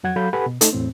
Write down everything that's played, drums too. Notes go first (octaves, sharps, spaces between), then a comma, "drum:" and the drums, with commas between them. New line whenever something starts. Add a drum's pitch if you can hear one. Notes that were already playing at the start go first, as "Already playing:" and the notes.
F2 F#3 F#5 G#6
F#3 A4 F5 B5 G6
G4 A4 B4 F#5 G#5 B5
B2
A3 D#4 A4, drum: hi-hat
E2 A2 C4